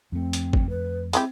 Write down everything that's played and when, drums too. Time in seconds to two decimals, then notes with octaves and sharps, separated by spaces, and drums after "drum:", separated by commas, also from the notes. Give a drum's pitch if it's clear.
0.12 F2 A3 C4
0.33 drum: hi-hat
0.53 drum: kick G1
0.70 B4
1.13 G#3 C4 E4 G4, drum: hi-hat